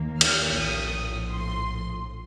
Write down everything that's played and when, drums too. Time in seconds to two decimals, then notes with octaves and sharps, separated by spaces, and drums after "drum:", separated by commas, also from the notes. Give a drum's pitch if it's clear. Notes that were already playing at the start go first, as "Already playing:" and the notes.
Already playing: D#2 D#3 A#3
0.21 F6, drum: cymbal
0.58 A#1 A2 F3 D#6
1.32 C6